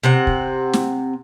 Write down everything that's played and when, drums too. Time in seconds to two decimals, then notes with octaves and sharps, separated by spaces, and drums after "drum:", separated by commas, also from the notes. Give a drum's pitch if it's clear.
0.03 C3 C4 F#5
0.27 drum: kick
0.73 drum: snare